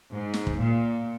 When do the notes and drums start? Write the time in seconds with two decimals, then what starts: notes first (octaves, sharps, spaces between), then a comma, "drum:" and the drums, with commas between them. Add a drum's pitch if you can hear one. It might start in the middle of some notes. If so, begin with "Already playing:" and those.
0.13 G#2
0.34 drum: snare
0.47 drum: kick
0.59 A#2